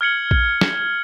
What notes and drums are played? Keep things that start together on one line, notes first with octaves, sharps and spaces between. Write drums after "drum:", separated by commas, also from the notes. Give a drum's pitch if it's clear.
F6 G#6 C#7 F#7
drum: kick A#1
drum: snare